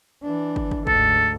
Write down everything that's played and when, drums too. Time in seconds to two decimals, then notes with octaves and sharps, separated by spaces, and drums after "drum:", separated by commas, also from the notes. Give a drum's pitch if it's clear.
0.23 E3 D4
0.56 drum: kick
0.71 drum: kick
0.87 D2 G#2 A4, drum: kick